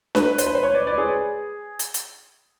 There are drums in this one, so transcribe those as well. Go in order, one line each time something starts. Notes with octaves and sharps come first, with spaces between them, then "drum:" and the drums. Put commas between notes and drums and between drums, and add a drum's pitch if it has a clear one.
B4, drum: snare D4
C5, drum: hi-hat
B4
C5
C#5
D5
D5
G#4
drum: hi-hat
drum: hi-hat